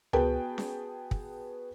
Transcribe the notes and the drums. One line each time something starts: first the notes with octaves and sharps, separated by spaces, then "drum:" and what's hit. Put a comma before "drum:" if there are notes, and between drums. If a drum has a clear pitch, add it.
B3 F#4 G#4 B4 G5 A5, drum: tom C#2
drum: snare C#4
drum: kick